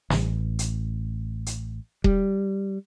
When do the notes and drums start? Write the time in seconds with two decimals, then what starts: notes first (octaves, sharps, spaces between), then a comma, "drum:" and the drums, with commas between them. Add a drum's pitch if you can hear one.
0.10 A1, drum: snare
0.59 drum: hi-hat
1.46 drum: hi-hat
2.04 G3, drum: kick D#1